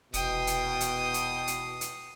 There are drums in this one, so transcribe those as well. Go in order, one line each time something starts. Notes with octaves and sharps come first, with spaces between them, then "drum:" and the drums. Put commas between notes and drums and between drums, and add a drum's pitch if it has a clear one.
F1 E2 B2 G5 D#6 C7, drum: hi-hat
drum: hi-hat
drum: hi-hat
drum: hi-hat
drum: hi-hat
drum: hi-hat